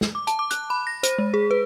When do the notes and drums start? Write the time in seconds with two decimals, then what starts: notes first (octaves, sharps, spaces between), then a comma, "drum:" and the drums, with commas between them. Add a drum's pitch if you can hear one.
0.01 drum: snare
0.15 D6
0.27 A5, drum: hi-hat
0.39 D6
0.51 F#6, drum: hi-hat
0.70 B5
0.87 A#6
1.03 C5, drum: hi-hat
1.19 G#3
1.34 G#4
1.51 B4